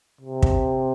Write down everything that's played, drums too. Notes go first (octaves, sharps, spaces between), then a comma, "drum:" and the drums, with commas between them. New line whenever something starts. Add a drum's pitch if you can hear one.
C3
drum: kick